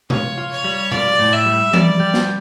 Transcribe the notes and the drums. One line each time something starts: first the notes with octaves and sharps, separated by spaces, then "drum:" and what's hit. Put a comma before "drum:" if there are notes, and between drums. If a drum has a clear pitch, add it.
F4 C#5, drum: tom A#2
F4
C#5
G3
F4 D5, drum: tom A#2
A2
E5
G3
G3 D5, drum: tom E3
G3
drum: snare